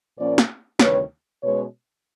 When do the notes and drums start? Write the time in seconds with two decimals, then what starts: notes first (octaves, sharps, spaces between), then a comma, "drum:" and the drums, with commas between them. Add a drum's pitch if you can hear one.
0.17 A#2 F3 A#3 C#4 C5 D5
0.38 drum: snare
0.79 D2 C3 D#3 G3 B4 C#5, drum: snare
1.42 B2 G#3 C#4 B4 C#5